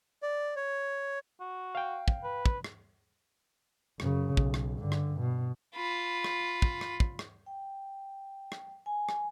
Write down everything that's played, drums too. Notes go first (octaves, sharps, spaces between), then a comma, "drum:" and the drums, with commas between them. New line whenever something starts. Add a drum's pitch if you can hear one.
D5
C#5
F#4
F5 G5
drum: kick
B4
drum: kick
drum: rim click
F#2 C#3, drum: rim click
B1, drum: kick
drum: rim click
G2 D3
drum: rim click
B2
F4 B5
drum: rim click
drum: kick
drum: rim click
drum: kick
drum: rim click
G5
drum: rim click
G#5
drum: rim click